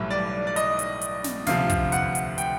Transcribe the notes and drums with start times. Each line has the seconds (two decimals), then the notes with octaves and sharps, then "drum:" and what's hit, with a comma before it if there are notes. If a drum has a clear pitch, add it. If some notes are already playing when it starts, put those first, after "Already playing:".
Already playing: B1 A2 E3 G3 E5
0.10 D5
0.47 D5
0.56 D#5, drum: hi-hat
0.79 drum: hi-hat
1.01 drum: hi-hat
1.24 drum: snare
1.46 D2 C3 F3 F5, drum: snare
1.70 drum: kick, hi-hat
1.92 F#5, drum: hi-hat
2.15 drum: hi-hat
2.38 G5, drum: hi-hat